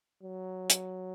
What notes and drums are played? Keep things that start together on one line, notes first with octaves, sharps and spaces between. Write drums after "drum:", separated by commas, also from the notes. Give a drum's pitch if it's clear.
F#3
drum: hi-hat